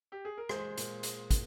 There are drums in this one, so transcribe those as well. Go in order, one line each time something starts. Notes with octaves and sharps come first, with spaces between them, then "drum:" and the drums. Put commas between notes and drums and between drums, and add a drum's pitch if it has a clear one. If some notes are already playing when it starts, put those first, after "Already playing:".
G4
G#4
A#4
G#3 G#4 C5, drum: rim click
A#2, drum: hi-hat
G#3, drum: hi-hat
A#2, drum: kick, hi-hat